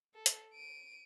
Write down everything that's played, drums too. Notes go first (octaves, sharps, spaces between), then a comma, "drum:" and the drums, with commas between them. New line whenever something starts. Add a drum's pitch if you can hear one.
A4
drum: hi-hat
D7 D#7